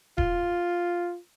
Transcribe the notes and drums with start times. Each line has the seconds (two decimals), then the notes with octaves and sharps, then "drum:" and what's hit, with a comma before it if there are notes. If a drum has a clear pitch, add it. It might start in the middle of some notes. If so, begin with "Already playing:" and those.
0.18 F4, drum: kick D#1